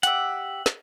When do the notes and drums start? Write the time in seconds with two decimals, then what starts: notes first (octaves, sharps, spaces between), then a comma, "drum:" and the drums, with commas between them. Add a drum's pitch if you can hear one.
0.03 G4 E5 F#5, drum: hi-hat
0.66 drum: snare